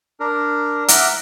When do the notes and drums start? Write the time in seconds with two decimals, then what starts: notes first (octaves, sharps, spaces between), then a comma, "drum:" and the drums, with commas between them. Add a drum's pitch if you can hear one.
0.20 D4 A#4
0.88 E5 F#5 A#5 D6 F6 F#6, drum: hi-hat